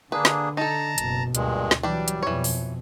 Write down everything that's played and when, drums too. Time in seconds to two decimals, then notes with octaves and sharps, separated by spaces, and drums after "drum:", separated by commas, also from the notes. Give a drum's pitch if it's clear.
0.12 D3 A#3 D4 G#4 B4
0.25 drum: snare
0.57 D#4 A4 A5 A#5
0.98 F#1 B2, drum: hi-hat
1.35 D2 G2 A#2 G#3, drum: hi-hat
1.71 drum: snare
1.83 E3 F#3 G3 D4 G4
2.08 drum: hi-hat
2.23 F2 B2 E3 C#5
2.44 drum: open hi-hat